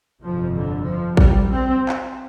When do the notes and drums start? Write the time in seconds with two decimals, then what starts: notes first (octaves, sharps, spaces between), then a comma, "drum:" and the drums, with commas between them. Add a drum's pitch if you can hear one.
0.23 G1 F2 C3 F3
0.55 D3
0.86 F3
1.17 G3, drum: kick
1.50 C4
1.89 drum: clap